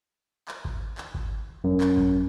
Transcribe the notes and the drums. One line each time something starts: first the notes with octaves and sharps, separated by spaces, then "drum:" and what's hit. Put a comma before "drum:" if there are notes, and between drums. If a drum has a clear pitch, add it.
drum: clap
drum: kick G#1
drum: clap
drum: kick G#1
F#2
drum: clap
drum: kick G#1